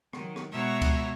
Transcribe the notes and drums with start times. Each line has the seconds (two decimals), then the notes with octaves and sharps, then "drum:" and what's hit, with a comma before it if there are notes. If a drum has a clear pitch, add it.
0.13 D#3 F#3, drum: rim click
0.36 drum: rim click
0.51 B2 G#3 C#5 E5 A#5
0.82 drum: kick C#2, cymbal